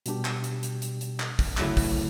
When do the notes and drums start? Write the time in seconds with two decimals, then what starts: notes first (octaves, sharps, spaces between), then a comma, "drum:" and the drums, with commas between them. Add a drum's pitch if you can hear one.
0.06 B2 G3 D4 G4, drum: hi-hat
0.25 drum: clap
0.44 drum: hi-hat
0.63 drum: hi-hat
0.82 drum: hi-hat
1.01 drum: hi-hat
1.20 drum: clap
1.39 drum: kick, open hi-hat
1.57 D2 C#3 F#3 A3 E4, drum: clap
1.77 drum: kick, open hi-hat